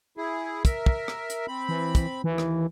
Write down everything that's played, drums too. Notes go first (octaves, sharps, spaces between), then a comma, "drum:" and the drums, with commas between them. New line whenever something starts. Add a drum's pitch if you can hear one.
E4 G#4
A#4 E5, drum: kick, hi-hat
drum: kick
drum: rim click
drum: hi-hat
C4 B5
E3
drum: kick, hi-hat
D#2 E3
drum: rim click